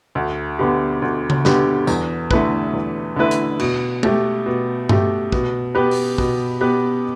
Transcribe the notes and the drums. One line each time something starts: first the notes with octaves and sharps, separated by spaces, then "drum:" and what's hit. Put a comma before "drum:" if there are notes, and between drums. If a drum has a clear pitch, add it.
D2
D3 B3 G4
D2
drum: tom C#3
D3 B3 G4, drum: snare
E2, drum: tambourine
D3 A3 E4 B4, drum: kick
E2
D3 A3 E4 B4
drum: hi-hat
B2, drum: cymbal
A3 G4, drum: tom G#3
B2
A3 G4, drum: tom G2
B2, drum: kick
B3 G4 B4
drum: open hi-hat
B2, drum: kick
B3 G4 B4